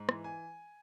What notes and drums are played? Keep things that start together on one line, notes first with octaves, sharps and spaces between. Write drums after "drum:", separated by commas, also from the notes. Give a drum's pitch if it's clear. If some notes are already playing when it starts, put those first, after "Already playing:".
Already playing: G#2
E3, drum: rim click
G#5